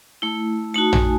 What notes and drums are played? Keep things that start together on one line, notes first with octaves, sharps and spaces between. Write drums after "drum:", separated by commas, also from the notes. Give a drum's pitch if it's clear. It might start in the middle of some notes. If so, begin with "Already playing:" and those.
A3 E4
A3 D#4 F#4 A5
G#5, drum: tom